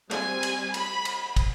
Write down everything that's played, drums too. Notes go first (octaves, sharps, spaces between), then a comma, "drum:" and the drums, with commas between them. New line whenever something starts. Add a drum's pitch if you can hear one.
G3 C4 G#5, drum: cymbal
drum: cymbal
B5, drum: cymbal
drum: cymbal
drum: kick, cymbal